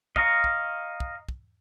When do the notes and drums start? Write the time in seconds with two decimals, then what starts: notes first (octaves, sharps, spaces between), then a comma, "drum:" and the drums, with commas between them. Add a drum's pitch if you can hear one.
0.16 D#5 F5 A#5 C#6, drum: kick
0.44 drum: kick
1.00 drum: kick
1.29 drum: kick